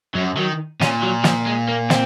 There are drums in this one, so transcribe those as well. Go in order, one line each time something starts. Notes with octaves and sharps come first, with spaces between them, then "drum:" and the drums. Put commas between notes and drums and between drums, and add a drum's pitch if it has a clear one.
F#2 F#3
D#3 F#3
A#2 C#4, drum: snare
F#3
F3, drum: snare
G#3
A#3
C4, drum: snare